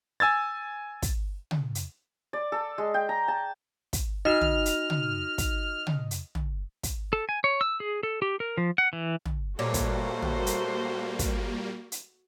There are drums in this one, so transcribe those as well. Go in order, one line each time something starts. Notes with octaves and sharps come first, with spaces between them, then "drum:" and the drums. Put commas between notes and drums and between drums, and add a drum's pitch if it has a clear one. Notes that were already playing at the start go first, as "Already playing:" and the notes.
G#5 E6 G#6 A6
drum: kick, hi-hat
drum: tom
drum: hi-hat
D5
A4
G#3
G5
A#5
A5
drum: kick, hi-hat
D#4 F#4 D#5 F6
drum: tom
drum: hi-hat
drum: tom
drum: kick, hi-hat
drum: tom
drum: hi-hat
drum: tom
drum: kick, hi-hat
A4
G#5
C#5
E6
G#4
A4
G4
A#4
F3
F#5
E3
drum: tom
A#2 G3 A3 A#3 F#4 C5 C#5
drum: kick, hi-hat
drum: tom
drum: hi-hat
drum: kick, hi-hat
drum: hi-hat